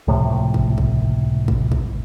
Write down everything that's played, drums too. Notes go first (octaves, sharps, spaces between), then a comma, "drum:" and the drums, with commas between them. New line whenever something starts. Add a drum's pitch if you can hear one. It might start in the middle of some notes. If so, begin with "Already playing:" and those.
C#2 A2 C3 F3
drum: kick
drum: kick
drum: kick
drum: kick